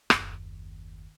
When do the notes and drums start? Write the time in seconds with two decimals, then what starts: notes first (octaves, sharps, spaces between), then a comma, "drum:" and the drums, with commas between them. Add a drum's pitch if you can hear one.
0.10 F#1 D#2, drum: rim click